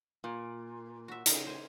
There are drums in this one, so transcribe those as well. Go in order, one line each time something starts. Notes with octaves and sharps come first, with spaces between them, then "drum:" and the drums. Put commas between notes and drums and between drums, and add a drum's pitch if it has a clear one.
A#2
F#4 E5
C#3 D#4 A#4, drum: hi-hat
C5 G#5